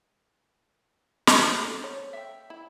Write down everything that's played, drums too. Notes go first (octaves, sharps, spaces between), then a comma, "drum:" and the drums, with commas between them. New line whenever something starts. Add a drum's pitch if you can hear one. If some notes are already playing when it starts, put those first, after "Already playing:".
drum: snare
D4 A4 C5
C#5
E5 G5
E4